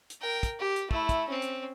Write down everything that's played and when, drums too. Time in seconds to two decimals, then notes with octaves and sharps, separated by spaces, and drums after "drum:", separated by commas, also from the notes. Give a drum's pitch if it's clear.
0.10 drum: hi-hat
0.21 A#4 G5
0.43 drum: kick, hi-hat
0.60 G4
0.76 drum: hi-hat
0.91 A3 E4, drum: kick
1.09 drum: kick, hi-hat
1.28 C4 C#4
1.42 drum: hi-hat